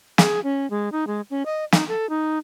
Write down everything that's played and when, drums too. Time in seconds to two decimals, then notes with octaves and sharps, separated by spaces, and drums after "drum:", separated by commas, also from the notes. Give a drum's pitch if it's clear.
0.18 G#4, drum: snare
0.44 C#4
0.70 G#3
0.92 D#4
1.07 G#3
1.30 C#4
1.46 D#5
1.72 D#4, drum: snare
1.88 A4
2.09 D#4